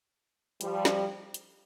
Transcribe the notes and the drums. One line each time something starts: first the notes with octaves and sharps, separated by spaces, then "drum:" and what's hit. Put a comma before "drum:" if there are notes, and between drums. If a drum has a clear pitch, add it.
F3 G3, drum: hi-hat
drum: snare
drum: hi-hat